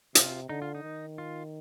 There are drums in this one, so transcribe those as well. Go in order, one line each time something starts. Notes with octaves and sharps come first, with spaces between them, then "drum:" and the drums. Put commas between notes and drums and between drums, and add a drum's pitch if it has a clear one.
C3 F4, drum: hi-hat
D3 D#4
F4
D#4
D#3
F4